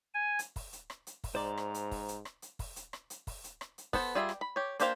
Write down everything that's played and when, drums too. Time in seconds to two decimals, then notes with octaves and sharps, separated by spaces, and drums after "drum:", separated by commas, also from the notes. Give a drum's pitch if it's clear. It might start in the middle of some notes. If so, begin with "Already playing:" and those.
0.14 G#5
0.39 drum: hi-hat
0.56 drum: kick, open hi-hat
0.73 drum: hi-hat
0.90 drum: rim click
1.07 drum: hi-hat
1.24 drum: kick, open hi-hat
1.35 G#2 C5 D5 A#5
1.57 drum: rim click
1.74 drum: hi-hat
1.91 drum: kick, open hi-hat
2.08 drum: hi-hat
2.25 drum: rim click
2.42 drum: hi-hat
2.59 drum: kick, open hi-hat
2.76 drum: hi-hat
2.93 drum: rim click
3.10 drum: hi-hat
3.27 drum: kick, open hi-hat
3.44 drum: hi-hat
3.61 drum: rim click
3.78 drum: hi-hat
3.93 B3 A4 C5, drum: kick, open hi-hat
4.15 G3 F4 G#4 E5
4.29 drum: rim click
4.41 B5
4.56 G4 C#5
4.80 A#3 D4 G4 C5 F5, drum: hi-hat